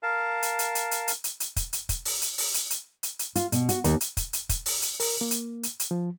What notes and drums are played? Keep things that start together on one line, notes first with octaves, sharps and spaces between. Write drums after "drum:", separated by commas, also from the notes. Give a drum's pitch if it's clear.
A#4 F5 A5
drum: hi-hat
drum: hi-hat
drum: hi-hat
drum: hi-hat
drum: hi-hat
drum: hi-hat
drum: hi-hat
drum: kick, hi-hat
drum: hi-hat
drum: kick, hi-hat
drum: open hi-hat
drum: hi-hat
drum: open hi-hat
drum: hi-hat
drum: hi-hat
drum: hi-hat
drum: hi-hat
F4, drum: hi-hat
B2, drum: hi-hat
F#4, drum: hi-hat
D#2, drum: hi-hat
drum: hi-hat
drum: kick, hi-hat
drum: hi-hat
drum: kick, hi-hat
drum: open hi-hat
drum: hi-hat
A#4, drum: open hi-hat
A#3
drum: hi-hat
drum: hi-hat
drum: hi-hat
F3